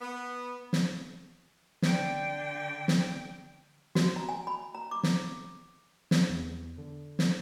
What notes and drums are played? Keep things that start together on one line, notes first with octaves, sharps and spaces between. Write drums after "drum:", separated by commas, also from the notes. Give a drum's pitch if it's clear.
B3
drum: snare
D3 G5, drum: snare
drum: snare
F#4, drum: snare
A#5
G#5
B5
A#5
D6
drum: snare
drum: snare
E2
D3
drum: snare